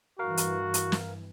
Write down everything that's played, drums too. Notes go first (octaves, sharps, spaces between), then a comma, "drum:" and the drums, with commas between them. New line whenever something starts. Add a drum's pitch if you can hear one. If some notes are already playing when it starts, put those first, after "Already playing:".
G2 E3 F#4 A#4 F5
drum: hi-hat
drum: hi-hat
drum: snare